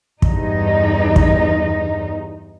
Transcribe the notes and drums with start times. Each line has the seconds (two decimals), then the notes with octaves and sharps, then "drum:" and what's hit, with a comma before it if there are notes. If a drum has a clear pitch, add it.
0.22 E2 G2 D#4, drum: kick
1.16 drum: kick